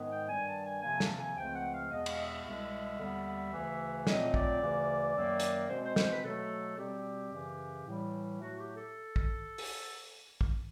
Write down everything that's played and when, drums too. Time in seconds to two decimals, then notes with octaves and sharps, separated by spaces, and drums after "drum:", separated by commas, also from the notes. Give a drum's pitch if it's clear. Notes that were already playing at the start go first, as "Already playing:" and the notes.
Already playing: G#2 D#3 G#3 B3
0.10 G5
0.28 G2 D#3 G3 G#5
0.46 A5
0.64 G#5
0.82 F2 C3 F3 A#3 G#5
1.00 A5, drum: snare
1.18 G#5
1.36 C#2 C#3 F3 A3 C4 G5
1.54 F#5
1.72 F5
1.90 E2 B2 G#3 B3 D#5
2.06 F5, drum: cymbal
2.18 E5
2.44 C2 B2 G#3 E5
2.98 D#2 D3 G3 B3
3.52 D2 C#3 E3
4.07 A#2 F#3 A3 C4 D#5, drum: snare
4.34 D5, drum: kick
4.61 D2 C#3 E3
5.15 F#2 D#3 F#3 A#3
5.40 drum: hi-hat
5.69 B2 G#3 C4 C5
5.83 C5
5.96 C5, drum: snare
6.09 B4
6.23 B2 F#3 A3 A4
6.77 B2 G3 C4 G4
7.31 F#2 C#3 E3
7.86 A2 E3 G3
8.40 A2 F#3 A3 F#4
8.58 G4
8.75 A4
9.16 drum: kick
9.58 drum: open hi-hat
10.41 drum: kick